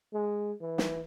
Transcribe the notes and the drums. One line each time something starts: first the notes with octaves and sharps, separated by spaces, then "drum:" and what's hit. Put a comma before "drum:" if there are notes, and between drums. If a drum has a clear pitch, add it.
G#3
E3
drum: snare